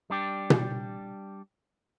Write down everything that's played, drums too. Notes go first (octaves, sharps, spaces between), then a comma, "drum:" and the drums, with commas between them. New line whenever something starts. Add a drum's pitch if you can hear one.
G3 D4 G4
drum: tom B2